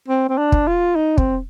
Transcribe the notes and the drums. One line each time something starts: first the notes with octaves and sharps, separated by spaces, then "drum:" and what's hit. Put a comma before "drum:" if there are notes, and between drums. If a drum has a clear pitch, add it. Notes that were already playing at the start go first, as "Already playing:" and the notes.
C4
C4
D4
drum: kick
F4
D#4
C4, drum: kick